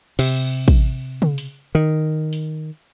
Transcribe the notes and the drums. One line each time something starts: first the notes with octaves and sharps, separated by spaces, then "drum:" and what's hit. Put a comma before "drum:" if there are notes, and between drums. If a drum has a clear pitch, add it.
C3, drum: cymbal
drum: kick
drum: tom C#3
drum: open hi-hat
D#3
drum: open hi-hat